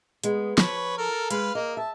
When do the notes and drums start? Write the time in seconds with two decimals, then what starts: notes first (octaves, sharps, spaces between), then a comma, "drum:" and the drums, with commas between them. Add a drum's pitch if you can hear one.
0.23 G#3 B3, drum: hi-hat
0.58 F3 B4 C#5, drum: snare
0.98 A4 A#4
1.30 G#3 B4 F5, drum: hi-hat
1.55 A#3 D#5
1.77 E5 A5